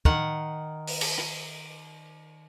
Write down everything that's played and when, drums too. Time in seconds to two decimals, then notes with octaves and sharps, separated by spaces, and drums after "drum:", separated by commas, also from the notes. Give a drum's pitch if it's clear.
0.05 D#3 F#5, drum: kick
0.87 drum: open hi-hat
1.01 drum: cymbal
1.18 drum: rim click